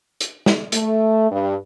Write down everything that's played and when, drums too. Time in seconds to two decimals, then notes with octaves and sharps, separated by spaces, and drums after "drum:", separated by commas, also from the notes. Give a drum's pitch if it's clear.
0.20 drum: hi-hat
0.46 drum: snare
0.72 A3, drum: hi-hat
1.31 G2